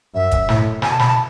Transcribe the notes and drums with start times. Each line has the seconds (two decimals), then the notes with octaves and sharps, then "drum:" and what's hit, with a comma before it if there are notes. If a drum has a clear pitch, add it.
0.15 F#2 E5
0.31 drum: kick, hi-hat
0.48 A2, drum: snare
0.82 B2 G#5, drum: snare
0.90 A5
0.99 B5, drum: snare
1.08 A5